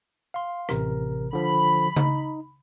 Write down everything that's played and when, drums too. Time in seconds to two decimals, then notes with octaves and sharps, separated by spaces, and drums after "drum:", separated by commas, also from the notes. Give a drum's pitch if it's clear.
0.34 F5 C6
0.69 A1 C3 A#4, drum: rim click
1.33 D3 F3 B5
1.96 D#4, drum: tom C#3